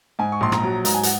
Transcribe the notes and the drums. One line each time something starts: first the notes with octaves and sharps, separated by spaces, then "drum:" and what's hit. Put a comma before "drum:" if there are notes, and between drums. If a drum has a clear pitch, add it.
G#2 G#5
C#6
A#1 C6
A#5, drum: rim click
F#3
G#2 A#5, drum: hi-hat
G#5
F#5, drum: hi-hat